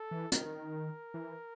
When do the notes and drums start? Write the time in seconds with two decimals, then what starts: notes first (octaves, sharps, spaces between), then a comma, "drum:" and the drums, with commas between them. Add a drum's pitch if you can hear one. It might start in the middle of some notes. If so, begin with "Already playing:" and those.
Already playing: A4
0.11 E3
0.32 D#3 A#4, drum: hi-hat
1.14 E3